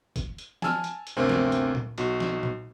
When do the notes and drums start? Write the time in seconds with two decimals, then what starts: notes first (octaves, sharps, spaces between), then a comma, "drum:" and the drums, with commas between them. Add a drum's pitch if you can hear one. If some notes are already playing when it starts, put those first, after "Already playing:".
0.16 drum: kick, hi-hat
0.38 drum: hi-hat
0.62 G#5 A5 E6 F6, drum: snare
0.84 drum: hi-hat
1.07 drum: hi-hat
1.17 G1 D2 C3 C4 A#4
1.29 drum: snare
1.52 drum: hi-hat
1.75 drum: tom A#2
1.98 B1 F#4, drum: hi-hat
2.20 drum: snare
2.43 drum: tom A#2